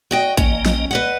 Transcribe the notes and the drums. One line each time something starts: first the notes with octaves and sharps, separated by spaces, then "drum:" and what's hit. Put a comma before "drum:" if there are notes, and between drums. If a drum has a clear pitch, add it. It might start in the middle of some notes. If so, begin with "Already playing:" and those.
F#4 D#5 G5
A#1 A#3 C#4 D#5, drum: kick A1, hi-hat
drum: snare
B4 D#5 F#5